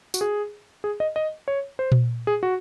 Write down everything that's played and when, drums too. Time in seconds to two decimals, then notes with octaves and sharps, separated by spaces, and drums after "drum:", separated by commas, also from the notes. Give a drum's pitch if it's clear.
0.14 F#4, drum: tambourine
0.21 G#4
0.84 G#4
1.00 D#5
1.16 D#5
1.48 C#5
1.79 C5
1.92 drum: tom A#2
2.27 G#4
2.43 F#4